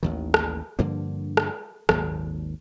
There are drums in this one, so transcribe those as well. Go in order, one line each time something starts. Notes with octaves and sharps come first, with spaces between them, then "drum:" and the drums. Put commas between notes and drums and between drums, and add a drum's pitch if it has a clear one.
A1 D#2 D#3
drum: rim click
G2 D3 F3 A#3
drum: rim click
G#1 D#2 A#2 F#3, drum: rim click